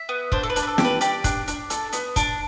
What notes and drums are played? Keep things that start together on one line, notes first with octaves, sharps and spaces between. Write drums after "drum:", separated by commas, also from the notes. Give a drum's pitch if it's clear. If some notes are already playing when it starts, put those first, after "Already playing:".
Already playing: E5
B3
D4 C5, drum: kick
A4
B4
D4, drum: hi-hat
B4
A4
G4, drum: snare
B4
G4 D5, drum: hi-hat
D4, drum: kick, hi-hat
D4, drum: hi-hat
A4, drum: hi-hat
B3, drum: hi-hat
D4, drum: kick, hi-hat